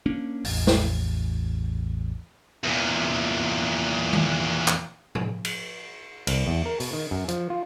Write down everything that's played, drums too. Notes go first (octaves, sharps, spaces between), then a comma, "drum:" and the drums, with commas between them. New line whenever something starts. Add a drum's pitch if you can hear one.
A#3 C#4 D4
A1 E2, drum: open hi-hat
drum: snare
E2 A#2
drum: tom D#3
drum: clap
drum: tom A2
drum: cymbal
C2, drum: cymbal
E2
A#4
B2, drum: open hi-hat
D#3
F#2
F3, drum: hi-hat
F4